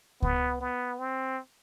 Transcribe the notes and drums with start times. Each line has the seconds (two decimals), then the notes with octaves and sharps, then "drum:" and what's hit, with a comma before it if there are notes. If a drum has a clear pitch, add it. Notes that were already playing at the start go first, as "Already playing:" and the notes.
0.22 B3, drum: kick C#2
0.61 B3
0.99 C4